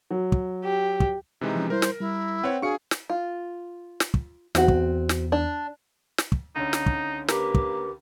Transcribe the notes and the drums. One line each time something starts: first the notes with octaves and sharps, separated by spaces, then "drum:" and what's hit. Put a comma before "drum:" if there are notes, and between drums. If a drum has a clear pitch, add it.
F#3
drum: kick
G4
drum: kick
C3 E3 G#3 D#4
F3 C#4
G3 E4 A#4 C5
drum: snare
G3 E4
C4 B4 C#5 F#5 G5
D4 F#4 G#4 F5 C#6 C#7
drum: snare
F4
drum: snare
drum: kick
E2 C4 F#4, drum: snare
drum: kick
drum: snare
D4
drum: snare
drum: kick
C#2 D3 C#4 D#4
drum: snare
drum: kick
A#3 G4 A#4 B4, drum: snare
drum: kick